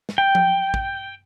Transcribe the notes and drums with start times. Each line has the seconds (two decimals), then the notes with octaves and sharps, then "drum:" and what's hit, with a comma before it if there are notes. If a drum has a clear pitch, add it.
0.09 drum: snare
0.18 G5
0.35 drum: tom F3
0.74 drum: kick